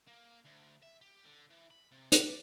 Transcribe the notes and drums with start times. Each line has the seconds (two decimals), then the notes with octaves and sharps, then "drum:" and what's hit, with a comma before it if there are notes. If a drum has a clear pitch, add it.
0.08 A#3
0.45 D2
0.83 E5
1.01 G4
1.25 D3
1.50 E3
1.71 B5
1.91 C3
2.12 D5, drum: hi-hat